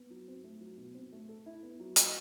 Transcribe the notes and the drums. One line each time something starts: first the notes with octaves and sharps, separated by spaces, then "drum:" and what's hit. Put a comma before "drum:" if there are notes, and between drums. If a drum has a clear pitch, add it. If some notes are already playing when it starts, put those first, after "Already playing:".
Already playing: B3
F#3
C4
A3
F#3
B2
C4
A3
A4
E4
B3
F#3
A4, drum: hi-hat